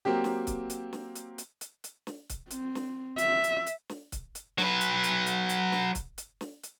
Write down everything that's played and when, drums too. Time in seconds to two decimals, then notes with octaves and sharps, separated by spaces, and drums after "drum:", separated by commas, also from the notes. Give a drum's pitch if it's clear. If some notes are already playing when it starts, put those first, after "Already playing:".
0.05 F#3 A#3 C4 G4
0.24 drum: snare
0.47 drum: kick C#1, hi-hat
0.70 drum: hi-hat
0.93 drum: snare
1.15 drum: hi-hat
1.38 drum: hi-hat
1.61 drum: hi-hat
1.84 drum: hi-hat
2.07 drum: snare
2.30 drum: kick C#1, hi-hat
2.51 C4, drum: hi-hat
2.75 drum: snare
3.18 E5, drum: hi-hat
3.44 drum: hi-hat
3.67 drum: hi-hat
3.89 drum: snare
4.12 drum: kick C#1, hi-hat
4.35 drum: hi-hat
4.58 F#3 B4, drum: snare
4.81 drum: hi-hat
5.04 drum: hi-hat
5.26 drum: hi-hat
5.49 drum: hi-hat
5.72 drum: snare
5.95 drum: kick C#1, hi-hat
6.18 drum: hi-hat
6.41 drum: snare
6.63 drum: hi-hat